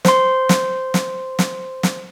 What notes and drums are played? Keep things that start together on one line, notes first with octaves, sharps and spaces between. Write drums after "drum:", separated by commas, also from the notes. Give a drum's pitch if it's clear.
C5 C6, drum: snare
drum: snare
drum: snare
drum: snare
drum: snare